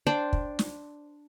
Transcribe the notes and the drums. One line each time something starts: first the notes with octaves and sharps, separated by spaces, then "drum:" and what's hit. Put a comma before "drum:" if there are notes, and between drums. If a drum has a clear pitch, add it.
D4 C5 D5 G5
drum: kick
drum: snare